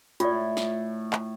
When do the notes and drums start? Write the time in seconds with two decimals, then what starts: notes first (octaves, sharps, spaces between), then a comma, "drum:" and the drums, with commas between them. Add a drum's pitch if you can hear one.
0.20 A2 F4 D5, drum: hi-hat
0.57 drum: snare
1.13 drum: clap